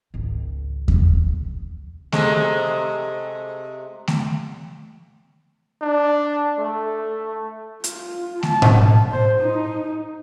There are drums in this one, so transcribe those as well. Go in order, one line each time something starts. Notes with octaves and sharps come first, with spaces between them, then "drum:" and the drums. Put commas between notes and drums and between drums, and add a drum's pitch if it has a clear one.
G#1 C#2
drum: kick E2
C3 G#3 A3, drum: snare A3
drum: snare A3
D4
A3
F4, drum: hi-hat
A5, drum: snare A3
drum: tom A2
C5
D#4